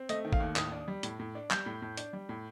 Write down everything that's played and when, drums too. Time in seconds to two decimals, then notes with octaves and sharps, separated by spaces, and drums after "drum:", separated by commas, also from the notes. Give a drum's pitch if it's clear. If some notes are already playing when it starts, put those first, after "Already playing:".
Already playing: C4
0.09 A3 D#5, drum: hi-hat
0.25 D#3
0.33 F5, drum: kick G#1
0.40 D#2
0.56 A2 D#6, drum: clap
0.72 D4
0.88 G3
1.03 A2, drum: hi-hat
1.20 A2
1.35 D4
1.51 G3 G6, drum: clap
1.66 A2
1.82 A2
1.97 D4, drum: hi-hat
2.13 G3
2.29 A2